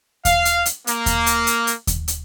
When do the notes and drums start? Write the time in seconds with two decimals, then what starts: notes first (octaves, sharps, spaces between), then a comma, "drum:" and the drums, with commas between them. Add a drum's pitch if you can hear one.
0.25 F5, drum: kick D#2, hi-hat
0.45 drum: hi-hat
0.66 drum: hi-hat
0.87 A#3, drum: hi-hat
1.06 drum: kick D#2, hi-hat
1.26 drum: hi-hat
1.47 drum: hi-hat
1.67 drum: hi-hat
1.87 drum: kick D#2, hi-hat
2.08 drum: hi-hat